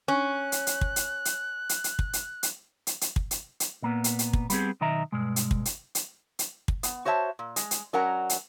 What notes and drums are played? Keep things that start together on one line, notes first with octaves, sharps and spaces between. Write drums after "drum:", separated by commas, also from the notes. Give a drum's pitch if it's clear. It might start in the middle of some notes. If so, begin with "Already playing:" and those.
C#4 F#6
drum: hi-hat
drum: hi-hat
drum: kick
drum: hi-hat
drum: hi-hat
drum: hi-hat
drum: hi-hat
drum: kick
drum: hi-hat
drum: hi-hat
drum: hi-hat
drum: hi-hat
drum: kick
drum: hi-hat
drum: hi-hat
A#2 A#3 B3
drum: hi-hat
drum: hi-hat
drum: kick
G3 B3 C4 G#4, drum: hi-hat
B1 D#3 D#5 E5 A#5
G2 B2 G#3
drum: hi-hat
drum: kick
drum: hi-hat
drum: hi-hat
drum: hi-hat
drum: kick
B3, drum: hi-hat
F#4 C5 C#5 E5 A5
A#2
G#3, drum: hi-hat
drum: hi-hat
F#3 C#4 A#4 D5 F#5 A#5
drum: hi-hat